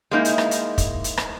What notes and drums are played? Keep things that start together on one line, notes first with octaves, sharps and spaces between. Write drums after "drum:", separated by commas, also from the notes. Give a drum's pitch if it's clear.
G#3 A#3 D#4 E4
drum: hi-hat
drum: rim click
drum: hi-hat
drum: kick, hi-hat
drum: hi-hat
drum: rim click